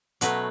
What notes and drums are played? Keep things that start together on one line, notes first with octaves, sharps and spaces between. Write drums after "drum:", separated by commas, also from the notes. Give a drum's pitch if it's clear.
B2 F#3 A3 B4, drum: hi-hat